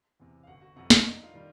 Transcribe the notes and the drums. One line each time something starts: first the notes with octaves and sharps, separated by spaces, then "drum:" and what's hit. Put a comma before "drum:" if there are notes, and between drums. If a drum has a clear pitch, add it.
E2 C3
F5
G1 F#4 F#5
F#4 F#5
F2 C3 F#4 F#5
F#4 F#5, drum: snare
G2 D#4 D#5
F4 F5
D#3 G3